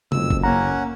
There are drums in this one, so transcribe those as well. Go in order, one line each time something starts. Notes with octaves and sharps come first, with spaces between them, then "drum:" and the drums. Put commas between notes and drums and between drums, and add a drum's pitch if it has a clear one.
F#1 F2 E6, drum: tom C3
drum: kick
A#3 C#4 F#5 A#5